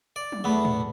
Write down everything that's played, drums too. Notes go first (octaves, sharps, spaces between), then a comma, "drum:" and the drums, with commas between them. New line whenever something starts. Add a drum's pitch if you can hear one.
D5
drum: tom F#3
E2 A3 B3 F#5 B5
drum: tom A2